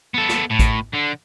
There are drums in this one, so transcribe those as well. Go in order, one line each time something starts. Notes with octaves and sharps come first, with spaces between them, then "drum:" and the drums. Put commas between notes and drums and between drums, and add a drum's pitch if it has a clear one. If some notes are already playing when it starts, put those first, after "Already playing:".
B3 A4
drum: snare
A2
drum: kick, hi-hat
D3